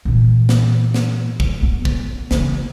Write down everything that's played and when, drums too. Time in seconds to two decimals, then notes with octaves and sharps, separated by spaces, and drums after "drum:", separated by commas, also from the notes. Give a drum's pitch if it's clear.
0.05 A#2 E3
0.49 drum: snare
0.94 drum: snare
1.40 drum: kick
1.63 B3
1.85 drum: kick
2.31 C#3 E3, drum: snare